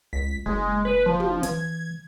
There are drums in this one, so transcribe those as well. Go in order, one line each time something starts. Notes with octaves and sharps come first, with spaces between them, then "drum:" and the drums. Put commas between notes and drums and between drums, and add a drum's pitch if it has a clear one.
C#2 B6
F#1 G#3
B4
F3
drum: tom
E3 G#6, drum: hi-hat